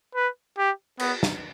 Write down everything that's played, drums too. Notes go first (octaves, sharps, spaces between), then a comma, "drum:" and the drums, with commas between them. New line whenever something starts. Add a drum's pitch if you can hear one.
B4
G4
B3, drum: cymbal
drum: snare